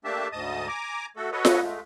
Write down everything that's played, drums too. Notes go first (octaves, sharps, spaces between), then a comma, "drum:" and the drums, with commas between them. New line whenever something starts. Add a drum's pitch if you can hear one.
A3 A#3 D4 G4 E5 A5
D2 G#2 D#5 A5 D#6
G#5 A#5 D6
A3 F#4 A4
F#4 A4 B4 C#5 D#5
drum: snare F4
G#3 A3